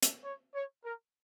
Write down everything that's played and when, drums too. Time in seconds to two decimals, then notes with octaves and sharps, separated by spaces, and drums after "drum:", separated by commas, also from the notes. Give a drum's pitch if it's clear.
0.02 drum: hi-hat
0.23 C#5
0.54 C#5
0.84 A#4